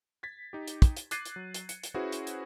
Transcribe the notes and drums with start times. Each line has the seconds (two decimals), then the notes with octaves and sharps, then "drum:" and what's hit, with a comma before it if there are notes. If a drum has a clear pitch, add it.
0.23 G#6 A6 B6
0.53 D#4 G4
0.68 drum: hi-hat
0.82 drum: kick, hi-hat
0.97 drum: hi-hat
1.11 D6 F#6 G#6 A6 C7 D#7, drum: hi-hat
1.25 drum: hi-hat
1.36 F#3
1.54 drum: hi-hat
1.69 C#7, drum: hi-hat
1.83 drum: hi-hat
1.94 C#4 E4 F#4 G#4 B4 C5
2.12 drum: hi-hat
2.27 drum: hi-hat